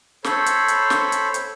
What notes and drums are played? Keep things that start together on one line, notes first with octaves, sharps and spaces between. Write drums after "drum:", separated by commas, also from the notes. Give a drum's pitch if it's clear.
A4 C5 C#5 B5, drum: snare
drum: hi-hat
drum: hi-hat
drum: snare
drum: hi-hat
drum: hi-hat